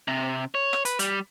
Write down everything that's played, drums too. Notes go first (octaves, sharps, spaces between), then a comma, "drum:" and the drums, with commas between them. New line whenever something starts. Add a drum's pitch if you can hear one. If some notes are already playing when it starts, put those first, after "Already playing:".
C3
C#5
drum: rim click
B4, drum: hi-hat
G3, drum: hi-hat